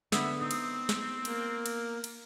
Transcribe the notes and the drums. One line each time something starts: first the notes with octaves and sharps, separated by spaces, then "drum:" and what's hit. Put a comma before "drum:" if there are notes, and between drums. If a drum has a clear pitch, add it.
D3 B3 E5, drum: snare
C4 D#4
drum: cymbal
drum: snare
A#3, drum: cymbal
drum: cymbal
drum: cymbal